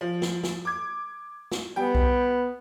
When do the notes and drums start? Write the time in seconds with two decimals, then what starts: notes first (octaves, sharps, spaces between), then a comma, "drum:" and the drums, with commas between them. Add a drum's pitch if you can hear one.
0.01 F3
0.22 drum: snare
0.43 drum: snare
0.65 D6 G#6
1.51 drum: snare
1.76 G3 B3 G5
1.95 drum: kick B1